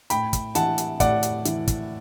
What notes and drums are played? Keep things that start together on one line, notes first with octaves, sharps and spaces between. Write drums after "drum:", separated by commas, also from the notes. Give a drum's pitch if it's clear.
A2 G5 B5, drum: hi-hat
drum: kick, hi-hat
E3 F#5 A5, drum: hi-hat
drum: hi-hat
A2 D5 F#5, drum: kick, hi-hat
drum: hi-hat
E3, drum: hi-hat
drum: kick, hi-hat